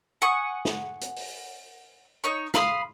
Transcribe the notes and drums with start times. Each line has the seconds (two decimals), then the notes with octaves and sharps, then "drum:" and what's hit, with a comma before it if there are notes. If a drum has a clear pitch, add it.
0.22 F#5 G#5 C#6 D#6
0.65 drum: snare
1.01 drum: hi-hat
1.16 drum: open hi-hat
2.24 D#4 C#5 C#6
2.54 F5 B5 C6 D#6, drum: snare